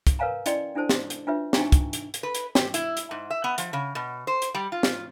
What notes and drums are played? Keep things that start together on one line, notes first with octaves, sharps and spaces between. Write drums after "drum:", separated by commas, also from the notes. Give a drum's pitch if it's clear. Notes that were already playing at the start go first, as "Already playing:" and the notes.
drum: kick, hi-hat
A#4 B4 C#5 F5 G#5 A#5
C#4 E4 D5 D#5 G5 C6, drum: hi-hat
D4 E4 A4 C5 A5
drum: snare
drum: hi-hat
D4 F4 B4 C#5 E5
D4 D#4 G5 G#5 A#5 C#6, drum: snare
drum: kick, hi-hat
drum: hi-hat
drum: hi-hat
B4
drum: hi-hat
G4, drum: snare
E4, drum: hi-hat
drum: hi-hat
G#2
E5
B3
F3, drum: hi-hat
C#3
B2
C5
drum: hi-hat
G3
F4
drum: snare